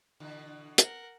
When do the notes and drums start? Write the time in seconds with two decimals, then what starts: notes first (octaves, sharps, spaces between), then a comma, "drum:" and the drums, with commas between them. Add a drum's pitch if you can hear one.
0.20 B2 D3 E3
0.78 A#4 F#5, drum: hi-hat